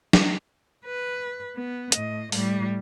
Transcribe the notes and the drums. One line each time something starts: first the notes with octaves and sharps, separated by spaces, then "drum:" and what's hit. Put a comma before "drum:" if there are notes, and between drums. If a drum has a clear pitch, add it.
drum: snare
B4
B3
A2 D#5, drum: hi-hat
A2 G3, drum: open hi-hat